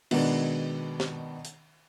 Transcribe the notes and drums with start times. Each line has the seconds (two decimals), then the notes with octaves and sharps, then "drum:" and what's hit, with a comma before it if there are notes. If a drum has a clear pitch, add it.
0.11 B2 D#3 G#3 B3 D4, drum: cymbal
1.00 drum: snare
1.45 drum: hi-hat